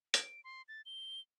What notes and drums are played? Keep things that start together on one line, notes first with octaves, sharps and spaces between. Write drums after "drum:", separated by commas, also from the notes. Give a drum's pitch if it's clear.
D7, drum: hi-hat
C6
A6
G7